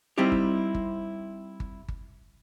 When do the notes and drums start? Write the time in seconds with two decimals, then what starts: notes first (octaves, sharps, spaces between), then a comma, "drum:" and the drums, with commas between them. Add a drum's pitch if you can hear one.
0.18 G3 C4 D#4 E4 G4
0.32 drum: kick G1
0.75 drum: kick G1
1.60 drum: kick G1
1.88 drum: kick G1